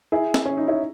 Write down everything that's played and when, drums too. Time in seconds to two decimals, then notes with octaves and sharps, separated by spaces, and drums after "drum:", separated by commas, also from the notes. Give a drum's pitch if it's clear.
0.12 E4 G#4
0.34 drum: snare
0.45 C#4
0.57 D#4
0.68 C#4 E4